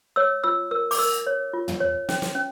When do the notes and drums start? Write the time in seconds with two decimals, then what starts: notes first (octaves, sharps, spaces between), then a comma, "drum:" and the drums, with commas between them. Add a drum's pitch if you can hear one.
0.16 C#5 E6
0.44 F4 E6
0.71 A#4 E6
0.91 D6, drum: open hi-hat
0.98 A#4 E6
1.27 C#5
1.53 F4
1.68 drum: tom
1.80 C#5
2.09 C#4, drum: snare
2.22 drum: snare
2.35 C#4